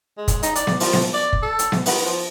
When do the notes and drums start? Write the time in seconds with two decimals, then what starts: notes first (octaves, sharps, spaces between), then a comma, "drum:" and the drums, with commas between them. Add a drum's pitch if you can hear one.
0.17 G#3
0.28 drum: kick, hi-hat
0.43 D#4, drum: hi-hat
0.55 D5, drum: hi-hat
0.67 drum: snare B3
0.80 F3, drum: open hi-hat
0.93 drum: snare B3
1.13 D5
1.33 drum: kick
1.42 A4
1.59 drum: hi-hat
1.72 drum: snare B3
1.86 B3, drum: open hi-hat
2.06 F3